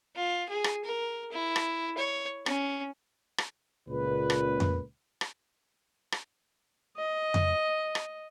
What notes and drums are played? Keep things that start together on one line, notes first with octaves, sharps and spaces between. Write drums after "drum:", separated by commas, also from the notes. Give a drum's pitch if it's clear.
F4
G#4
drum: rim click
A#4
E4
drum: rim click
C#5
C#4, drum: rim click
drum: rim click
C#2 A#2 B4
drum: rim click
drum: tom F2
drum: rim click
drum: rim click
D#5
drum: tom F2
drum: rim click